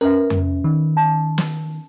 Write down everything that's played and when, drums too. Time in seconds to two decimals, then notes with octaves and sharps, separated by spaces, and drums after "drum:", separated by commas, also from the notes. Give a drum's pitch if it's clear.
0.01 C#4 A#4 B4 E5
0.30 drum: tom F2
0.64 D#3
0.97 A5
1.38 drum: snare